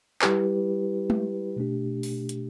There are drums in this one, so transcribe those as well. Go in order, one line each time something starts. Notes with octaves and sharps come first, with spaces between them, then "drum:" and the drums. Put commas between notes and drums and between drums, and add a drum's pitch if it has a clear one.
G3 E4 G4 B4, drum: clap
drum: tom G#3
B2 A3 D4 G4
drum: open hi-hat
drum: hi-hat